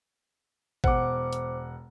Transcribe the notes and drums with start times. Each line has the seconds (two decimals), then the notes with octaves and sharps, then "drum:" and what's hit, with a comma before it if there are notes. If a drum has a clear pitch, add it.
0.84 E1 C5 F#5 D6, drum: kick
1.33 drum: hi-hat